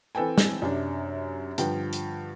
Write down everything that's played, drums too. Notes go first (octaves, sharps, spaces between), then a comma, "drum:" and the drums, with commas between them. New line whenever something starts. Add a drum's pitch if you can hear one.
E3 C4 A4 B4 G5 G#5
drum: snare
F#2 C3 D4
G2 D3 F3 G5, drum: hi-hat
drum: hi-hat